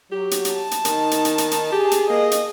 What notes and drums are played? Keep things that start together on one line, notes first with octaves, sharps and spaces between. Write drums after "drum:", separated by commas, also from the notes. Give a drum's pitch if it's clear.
F#3 G4
drum: hi-hat
drum: hi-hat
A5
drum: hi-hat
D#3 D#4, drum: hi-hat
drum: hi-hat
drum: hi-hat
drum: hi-hat
drum: hi-hat
G4 G#4
drum: hi-hat
A#3 D#5
drum: hi-hat